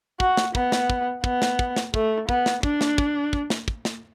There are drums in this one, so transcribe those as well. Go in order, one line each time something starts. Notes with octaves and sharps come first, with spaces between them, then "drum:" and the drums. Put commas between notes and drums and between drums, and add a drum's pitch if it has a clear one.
F#4, drum: kick
drum: snare
B3, drum: kick
drum: snare
drum: kick
B3, drum: kick
drum: snare
drum: kick
drum: snare
A3, drum: kick
B3, drum: kick
drum: snare
D4, drum: kick
drum: snare
drum: kick
drum: kick
drum: snare
drum: kick
drum: snare